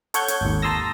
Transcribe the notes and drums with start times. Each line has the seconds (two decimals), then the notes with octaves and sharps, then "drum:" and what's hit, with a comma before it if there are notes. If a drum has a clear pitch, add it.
0.14 A4 C#5 F#5 G6 G#6, drum: hi-hat
0.28 drum: hi-hat
0.41 G#1 D#2
0.62 A5 A#5 C6 D#6 E6 A#6